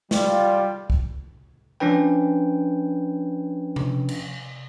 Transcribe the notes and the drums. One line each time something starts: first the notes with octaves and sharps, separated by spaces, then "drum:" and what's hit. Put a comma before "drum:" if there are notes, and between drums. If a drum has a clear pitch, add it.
G3 F4, drum: snare
drum: kick
F3 C#4 D4 B4 G5
drum: tom C3
drum: cymbal